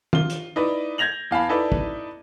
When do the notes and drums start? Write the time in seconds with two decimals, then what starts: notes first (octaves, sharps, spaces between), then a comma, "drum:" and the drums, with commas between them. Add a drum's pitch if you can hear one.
0.13 F4 G7, drum: tom
0.30 drum: hi-hat
0.56 D#4 E4 B4 D5
0.98 G6 G#6 A#6 F7 F#7
1.31 E2 F5 A5 B5
1.49 D#4 E4 A4 B4 D5
1.72 drum: kick